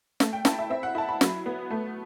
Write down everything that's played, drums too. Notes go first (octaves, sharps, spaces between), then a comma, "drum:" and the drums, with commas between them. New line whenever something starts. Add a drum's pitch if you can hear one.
A3, drum: snare
G5
E4 A5, drum: snare
E5
C4 E5
F#5
E4 A5
B5
F#3, drum: snare
B3
A3